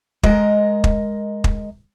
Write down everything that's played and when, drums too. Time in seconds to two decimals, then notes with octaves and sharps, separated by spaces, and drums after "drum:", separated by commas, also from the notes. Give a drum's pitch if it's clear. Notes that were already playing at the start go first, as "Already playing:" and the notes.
0.23 G#3 A#4 D#5 A#5, drum: kick
0.84 drum: kick
1.44 drum: kick